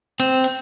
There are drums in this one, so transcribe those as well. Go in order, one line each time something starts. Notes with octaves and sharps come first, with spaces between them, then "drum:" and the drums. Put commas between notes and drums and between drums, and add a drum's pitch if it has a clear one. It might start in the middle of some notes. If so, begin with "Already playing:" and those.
C4, drum: hi-hat
drum: hi-hat